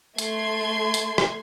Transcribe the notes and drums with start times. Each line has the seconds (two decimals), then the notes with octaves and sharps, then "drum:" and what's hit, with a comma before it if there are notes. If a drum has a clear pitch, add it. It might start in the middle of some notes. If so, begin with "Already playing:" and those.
0.18 A3 C6 G#6, drum: hi-hat
0.94 drum: hi-hat
1.18 drum: rim click